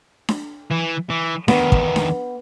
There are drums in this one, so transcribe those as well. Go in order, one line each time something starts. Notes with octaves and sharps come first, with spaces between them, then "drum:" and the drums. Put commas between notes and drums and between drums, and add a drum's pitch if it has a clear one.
drum: snare D4
E3
E3
E2 D#3 B3, drum: snare D4
drum: kick
drum: snare D4